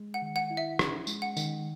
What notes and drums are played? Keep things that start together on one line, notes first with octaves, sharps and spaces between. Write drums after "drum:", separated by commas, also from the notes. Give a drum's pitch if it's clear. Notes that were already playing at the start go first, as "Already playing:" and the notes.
Already playing: G#3
F#5
D#3
F#5
E4
E5
C#4, drum: rim click
G#3, drum: tambourine
F#5
D#3, drum: tambourine